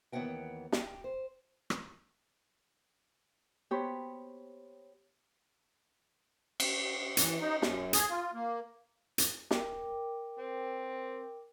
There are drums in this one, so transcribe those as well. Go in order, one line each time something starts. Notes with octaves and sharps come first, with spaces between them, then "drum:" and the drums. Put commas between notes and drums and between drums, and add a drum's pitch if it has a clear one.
D#2 E3 B3 C#5 F#5 G5
G4, drum: snare
C5
drum: rim click
B3 G4 C5 C#5 B5
drum: cymbal
E3, drum: hi-hat
D#4
F#2, drum: snare
G#4, drum: hi-hat
F4
A#3
drum: hi-hat
A#4 G5 D6, drum: snare
C4